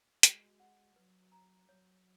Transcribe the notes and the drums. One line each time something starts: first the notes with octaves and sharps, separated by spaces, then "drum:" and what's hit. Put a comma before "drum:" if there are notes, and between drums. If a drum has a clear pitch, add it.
G#3 F#4, drum: hi-hat
F#5
F#3 B4
A#5
F#3 C#5